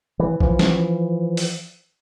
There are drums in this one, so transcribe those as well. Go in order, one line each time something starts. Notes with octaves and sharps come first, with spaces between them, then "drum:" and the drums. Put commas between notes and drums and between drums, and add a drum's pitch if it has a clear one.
E3
E3 F3, drum: kick B1
drum: snare
drum: open hi-hat